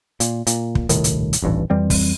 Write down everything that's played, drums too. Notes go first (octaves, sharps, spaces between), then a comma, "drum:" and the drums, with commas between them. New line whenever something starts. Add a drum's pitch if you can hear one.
A#2, drum: hi-hat
A#2, drum: hi-hat
drum: kick
D#1 C2 A2 D#3, drum: hi-hat
drum: hi-hat
drum: hi-hat
D#1 A1 G2 E3
F2 E3 G3 C4
drum: kick, open hi-hat